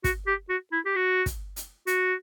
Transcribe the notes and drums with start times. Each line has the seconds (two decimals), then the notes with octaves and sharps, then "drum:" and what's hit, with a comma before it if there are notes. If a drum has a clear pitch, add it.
0.04 F#4, drum: kick, hi-hat
0.27 G4
0.50 F#4
0.72 E4
0.86 G4
0.96 F#4
1.26 drum: kick, hi-hat
1.56 drum: hi-hat
1.87 F#4, drum: hi-hat